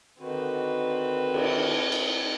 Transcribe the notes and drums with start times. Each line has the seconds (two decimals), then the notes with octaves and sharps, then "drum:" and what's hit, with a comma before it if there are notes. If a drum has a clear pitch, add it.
0.19 D3 D#3 C4 F#4 B4
1.34 drum: cymbal
1.92 drum: cymbal